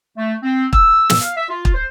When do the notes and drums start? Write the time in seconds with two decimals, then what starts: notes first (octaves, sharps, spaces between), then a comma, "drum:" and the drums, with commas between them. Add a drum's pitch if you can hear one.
0.17 A3
0.43 C4
0.73 E6, drum: kick
1.10 drum: snare
1.21 F5
1.36 E5
1.49 F4
1.65 drum: kick
1.74 C5